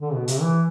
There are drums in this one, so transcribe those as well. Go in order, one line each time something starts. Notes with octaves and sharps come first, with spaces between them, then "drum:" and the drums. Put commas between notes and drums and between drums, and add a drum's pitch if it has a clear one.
D3
B2
C3, drum: hi-hat
E3